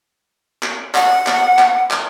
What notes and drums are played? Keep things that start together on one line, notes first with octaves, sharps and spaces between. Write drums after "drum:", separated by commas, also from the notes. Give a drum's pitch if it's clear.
drum: clap
F#5, drum: clap
drum: clap
drum: clap
drum: clap